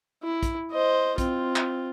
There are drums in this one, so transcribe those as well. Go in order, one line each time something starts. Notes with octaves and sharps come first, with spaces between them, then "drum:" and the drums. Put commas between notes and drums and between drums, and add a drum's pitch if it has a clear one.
E4
drum: kick, hi-hat
C5 D#5
C4 F4, drum: kick, hi-hat
drum: clap